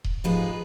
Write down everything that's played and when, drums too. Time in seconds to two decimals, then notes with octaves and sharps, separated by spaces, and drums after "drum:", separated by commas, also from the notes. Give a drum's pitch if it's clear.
0.04 drum: kick D#1
0.24 G#2 F3 G#3 D#4 G#4 B4